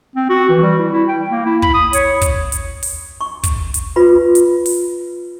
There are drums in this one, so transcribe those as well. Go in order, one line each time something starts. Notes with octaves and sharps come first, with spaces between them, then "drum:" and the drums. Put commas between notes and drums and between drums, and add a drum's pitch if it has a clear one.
C4
F#4
E3
G3
E4
E4
G5
A#3
E4
B5, drum: kick
D#6
C#5, drum: hi-hat
drum: kick, hi-hat
drum: hi-hat
drum: open hi-hat
C#6
drum: kick, hi-hat
drum: hi-hat
F4 B4 B5
drum: hi-hat
drum: open hi-hat